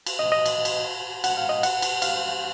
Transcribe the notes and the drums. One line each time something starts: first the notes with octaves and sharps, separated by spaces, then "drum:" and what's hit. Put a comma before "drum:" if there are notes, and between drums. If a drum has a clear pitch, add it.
drum: cymbal
D#5
D#5
drum: cymbal
drum: cymbal
F#5, drum: cymbal
F5
D#5
F#5, drum: cymbal
drum: cymbal
F5, drum: cymbal